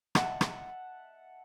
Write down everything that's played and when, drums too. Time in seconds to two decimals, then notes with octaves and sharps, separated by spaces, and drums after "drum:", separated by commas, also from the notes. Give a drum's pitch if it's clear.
0.15 E5 F#5 A5, drum: rim click
0.41 drum: rim click